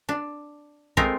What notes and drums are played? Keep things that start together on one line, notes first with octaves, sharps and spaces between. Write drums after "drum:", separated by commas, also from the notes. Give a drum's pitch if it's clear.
D4
G#3 A3 C4 F4 A#4, drum: kick